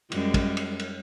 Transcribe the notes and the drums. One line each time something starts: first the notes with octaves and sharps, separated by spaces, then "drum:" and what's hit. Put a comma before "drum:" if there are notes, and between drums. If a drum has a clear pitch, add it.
F#2 G3 G#3, drum: cymbal
drum: kick, cymbal
drum: cymbal
drum: cymbal